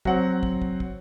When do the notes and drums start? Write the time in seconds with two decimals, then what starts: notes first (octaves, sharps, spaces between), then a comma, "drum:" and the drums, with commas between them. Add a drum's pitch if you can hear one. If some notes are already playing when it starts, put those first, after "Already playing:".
0.05 F#3 C4 F#5, drum: kick
0.43 drum: kick
0.62 drum: kick
0.80 drum: kick